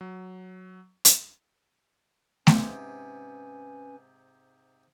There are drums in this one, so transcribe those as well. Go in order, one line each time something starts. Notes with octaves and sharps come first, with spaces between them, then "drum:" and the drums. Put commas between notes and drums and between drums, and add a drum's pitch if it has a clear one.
F#3
drum: hi-hat
G#2 C3 C#4 B4 G#5, drum: snare A3